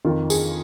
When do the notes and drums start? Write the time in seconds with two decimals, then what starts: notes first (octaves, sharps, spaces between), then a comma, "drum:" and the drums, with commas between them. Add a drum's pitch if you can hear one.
0.05 F2 D#3 F4
0.30 G#4, drum: tambourine